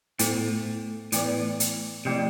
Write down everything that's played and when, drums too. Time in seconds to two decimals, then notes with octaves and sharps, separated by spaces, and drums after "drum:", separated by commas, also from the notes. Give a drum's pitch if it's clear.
0.19 A2 B3 E4 A4 C5, drum: hi-hat
1.12 A2 E3 B3 E4 B4 D5, drum: hi-hat
1.60 drum: hi-hat
2.05 C3 F3 A3 E4 G4 D5